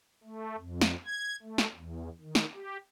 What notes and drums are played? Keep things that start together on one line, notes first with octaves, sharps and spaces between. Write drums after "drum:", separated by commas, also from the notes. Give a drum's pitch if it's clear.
A3
F2
drum: snare
G#6
A3
drum: snare
E2
D#3
drum: snare
G4